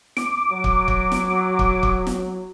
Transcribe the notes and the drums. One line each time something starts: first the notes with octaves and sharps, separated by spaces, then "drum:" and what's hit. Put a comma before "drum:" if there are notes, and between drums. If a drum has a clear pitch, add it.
D6, drum: snare
F#3
drum: kick
drum: kick
drum: snare
drum: kick
drum: kick
drum: snare